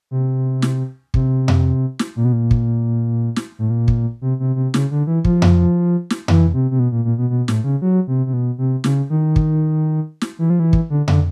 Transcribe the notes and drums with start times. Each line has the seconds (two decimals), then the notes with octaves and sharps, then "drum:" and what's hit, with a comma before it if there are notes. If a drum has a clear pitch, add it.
0.11 C3
0.62 drum: snare
1.14 C3, drum: kick
1.48 drum: tom F2
1.99 drum: snare
2.16 A#2
2.25 B2
2.33 A#2
2.51 drum: kick
3.36 drum: snare
3.59 A2
3.70 A#2
3.88 drum: kick
4.22 C3
4.40 C3
4.56 C3
4.74 C#3, drum: snare
4.91 D3
5.07 E3
5.25 F3, drum: kick
5.42 drum: tom F2
6.10 drum: snare
6.28 E3, drum: tom F2
6.54 C3
6.71 C3
6.79 B2
6.92 A#2
7.05 A#2
7.18 B2
7.30 B2
7.48 A2, drum: snare
7.64 C#3
7.82 F#3
8.07 C3
8.26 C3
8.33 B2
8.58 C3
8.84 C#3, drum: snare
9.10 D#3
9.36 drum: kick
10.21 drum: snare
10.39 E3
10.50 F3
10.60 E3
10.73 drum: kick
10.90 D3
11.08 D3, drum: tom F2